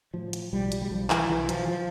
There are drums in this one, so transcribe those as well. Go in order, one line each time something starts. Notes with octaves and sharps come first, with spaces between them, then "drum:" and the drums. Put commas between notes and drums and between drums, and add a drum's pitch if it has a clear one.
A2 F3
drum: hi-hat
B1 G3
drum: hi-hat
G3
B1 F3
E3, drum: clap
B1 E3
F3, drum: hi-hat
F3